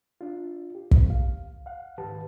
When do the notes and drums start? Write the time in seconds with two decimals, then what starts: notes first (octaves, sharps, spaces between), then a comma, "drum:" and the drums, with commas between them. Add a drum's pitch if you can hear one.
0.21 D4 F4
0.75 G4
0.91 drum: kick
1.10 F5
1.66 F5 F#5
1.98 C#2 G#2 D#3 G4 B4 A5